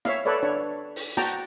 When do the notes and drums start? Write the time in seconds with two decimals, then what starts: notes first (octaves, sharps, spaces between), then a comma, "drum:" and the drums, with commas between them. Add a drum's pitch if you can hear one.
0.05 C#5 E5 F5, drum: snare
0.25 A4 B4 C#5 D5
0.43 D4 C#5
0.96 drum: open hi-hat
1.17 F#4 G5 A5 A#5, drum: snare